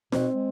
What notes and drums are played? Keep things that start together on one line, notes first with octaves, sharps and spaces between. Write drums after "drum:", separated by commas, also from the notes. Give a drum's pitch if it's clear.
B2 C4, drum: snare D#4
G#3